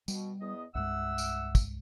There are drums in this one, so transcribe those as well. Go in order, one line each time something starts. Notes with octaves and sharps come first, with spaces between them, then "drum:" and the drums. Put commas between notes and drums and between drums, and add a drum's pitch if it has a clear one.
B2 G3, drum: tambourine
E2 B3 D#5
C2 G2 G#3 E5 F#5 E6
drum: tambourine
drum: kick, tambourine